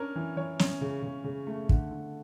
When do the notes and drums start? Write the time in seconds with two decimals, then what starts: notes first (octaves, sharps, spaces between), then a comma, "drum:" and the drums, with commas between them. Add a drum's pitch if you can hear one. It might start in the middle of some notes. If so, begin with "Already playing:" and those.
Already playing: C#4 D4 A#4
0.16 E3
0.36 E3 C#5
0.59 C#4, drum: snare
0.81 C#3
1.02 C#3
1.24 C#3
1.47 A3
1.69 D3, drum: kick
1.91 D3